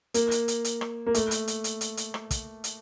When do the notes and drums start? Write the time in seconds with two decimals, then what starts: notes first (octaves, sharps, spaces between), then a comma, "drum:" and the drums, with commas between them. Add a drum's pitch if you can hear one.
0.14 A#3, drum: hi-hat
0.31 drum: hi-hat
0.48 drum: hi-hat
0.65 drum: hi-hat
0.81 drum: rim click
1.06 A#3
1.14 A3, drum: hi-hat
1.31 drum: hi-hat
1.48 drum: hi-hat
1.64 drum: hi-hat
1.81 drum: hi-hat
1.97 drum: hi-hat
2.14 drum: rim click
2.31 drum: kick, hi-hat
2.64 drum: hi-hat